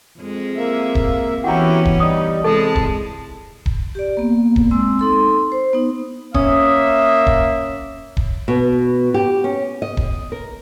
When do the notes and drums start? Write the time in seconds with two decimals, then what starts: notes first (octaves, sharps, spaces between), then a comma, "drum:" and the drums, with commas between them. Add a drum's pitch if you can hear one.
0.19 F2 G#3
0.56 A#3 E5
0.95 drum: kick D#1
1.44 E3 B3 C#4 E4 F#4 G4 F#5 A#5
1.85 drum: kick D#1
2.00 G3 D#4 D#6
2.44 C3 G#3 E4 A4 D#5 A5
2.76 drum: kick D#1
3.66 drum: kick D#1
3.95 G4 D5
4.17 A#3 B3
4.56 drum: kick D#1
4.71 G#3 C4 E6
4.99 D#4 A4 C6
5.52 C5
5.73 B3 D#4
6.34 A#3 C#4 E5 D#6, drum: kick D#1
7.27 drum: kick D#1
8.17 drum: kick D#1
8.48 B2
9.14 G4
9.44 C#4
9.82 D#5
9.97 drum: kick D#1
10.32 A#4